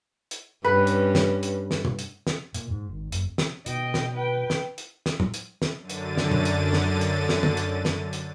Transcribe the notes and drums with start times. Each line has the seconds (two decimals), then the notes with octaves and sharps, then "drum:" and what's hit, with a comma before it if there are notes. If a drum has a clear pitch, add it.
0.31 drum: hi-hat
0.64 G2 C#4 B4
0.87 drum: hi-hat
1.15 drum: snare
1.43 drum: hi-hat
1.71 drum: snare
1.85 drum: tom
1.99 drum: hi-hat
2.27 drum: snare
2.54 A#2, drum: hi-hat
2.70 G#2
2.89 G#1
3.12 F#1, drum: hi-hat
3.38 drum: snare
3.66 B2 D#5 G5, drum: hi-hat
3.94 drum: snare
4.15 B4 G5
4.50 drum: snare
4.78 drum: hi-hat
5.06 drum: snare
5.20 drum: tom
5.34 drum: hi-hat
5.62 drum: snare
5.80 F#2 D3 A6 D#7
5.90 drum: hi-hat
6.17 drum: snare
6.31 drum: tom
6.45 drum: hi-hat
6.73 drum: snare
7.01 drum: hi-hat
7.29 drum: snare
7.43 drum: tom
7.57 drum: hi-hat
7.85 drum: snare
8.13 drum: hi-hat